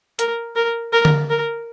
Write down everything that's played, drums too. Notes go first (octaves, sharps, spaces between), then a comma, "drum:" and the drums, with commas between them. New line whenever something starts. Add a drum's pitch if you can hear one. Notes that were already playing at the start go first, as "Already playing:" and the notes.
A#4, drum: hi-hat
A#4
A#4
drum: tom D3
A#4